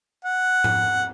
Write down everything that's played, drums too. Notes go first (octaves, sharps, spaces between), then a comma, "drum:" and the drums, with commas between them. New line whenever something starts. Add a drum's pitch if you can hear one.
F#5
drum: tom G#2